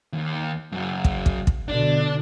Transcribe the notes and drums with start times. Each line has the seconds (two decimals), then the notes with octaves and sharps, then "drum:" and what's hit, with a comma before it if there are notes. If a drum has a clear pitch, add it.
0.13 D#2
0.72 F#2 C#3
1.05 drum: kick
1.26 drum: kick
1.47 drum: kick
1.68 B2 D3 D4